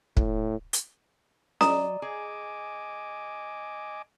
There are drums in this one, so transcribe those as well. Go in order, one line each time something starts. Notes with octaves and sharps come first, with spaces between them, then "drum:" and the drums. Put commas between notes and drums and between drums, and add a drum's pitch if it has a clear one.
A2, drum: kick
drum: hi-hat
F#3 D5 D#5 A#5 D#6, drum: snare C#4
G#4 D#5 G#5 D6